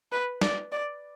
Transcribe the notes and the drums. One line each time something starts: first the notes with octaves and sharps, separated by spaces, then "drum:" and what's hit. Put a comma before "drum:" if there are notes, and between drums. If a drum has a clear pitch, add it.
B4
D5, drum: snare
D5